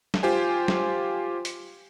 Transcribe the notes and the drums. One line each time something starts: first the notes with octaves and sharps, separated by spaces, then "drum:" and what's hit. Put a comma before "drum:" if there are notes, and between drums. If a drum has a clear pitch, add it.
drum: snare
F4 G4 C5 G#5
drum: snare
drum: hi-hat